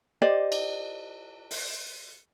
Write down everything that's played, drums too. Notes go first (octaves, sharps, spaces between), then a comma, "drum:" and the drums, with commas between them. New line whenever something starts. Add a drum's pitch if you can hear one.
G4 C5 D5 D#5
drum: cymbal
drum: open hi-hat